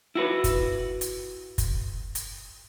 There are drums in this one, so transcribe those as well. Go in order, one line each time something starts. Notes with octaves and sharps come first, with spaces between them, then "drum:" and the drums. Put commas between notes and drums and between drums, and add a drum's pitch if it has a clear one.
E4 F#4 B4
drum: kick, hi-hat
drum: hi-hat
drum: kick, hi-hat
drum: hi-hat